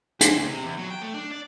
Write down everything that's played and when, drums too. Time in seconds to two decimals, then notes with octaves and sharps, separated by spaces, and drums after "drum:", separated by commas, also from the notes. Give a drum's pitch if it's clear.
0.21 C5, drum: hi-hat
0.34 D2
0.47 C3
0.64 E2
0.77 F#3
0.90 G5
1.02 A3
1.14 D4
1.31 D5